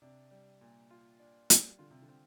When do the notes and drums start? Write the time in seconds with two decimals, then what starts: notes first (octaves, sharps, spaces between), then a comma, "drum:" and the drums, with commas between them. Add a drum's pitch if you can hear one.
0.02 C3 D4
0.31 G3
0.61 A#2
0.90 F4
1.20 D4
1.50 G3, drum: hi-hat
1.78 D3 F4
1.91 C3
2.02 D3
2.09 C4